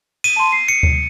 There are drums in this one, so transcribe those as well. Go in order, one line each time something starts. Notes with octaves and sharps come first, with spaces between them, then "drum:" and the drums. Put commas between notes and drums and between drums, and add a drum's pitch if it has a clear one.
D#7, drum: cymbal
A5 C6
C7
C#7
drum: kick D2